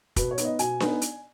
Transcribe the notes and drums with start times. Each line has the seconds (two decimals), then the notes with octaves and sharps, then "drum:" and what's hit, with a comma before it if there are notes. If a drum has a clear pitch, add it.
0.16 B2 B4, drum: kick, hi-hat
0.31 C#5
0.38 B3 D#4, drum: hi-hat
0.45 D#5
0.59 B2 G#5, drum: hi-hat
0.80 B3 D#4, drum: snare D4
1.02 drum: hi-hat